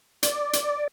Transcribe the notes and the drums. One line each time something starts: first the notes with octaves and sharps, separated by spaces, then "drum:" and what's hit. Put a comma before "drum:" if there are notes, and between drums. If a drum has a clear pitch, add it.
D5, drum: hi-hat
drum: hi-hat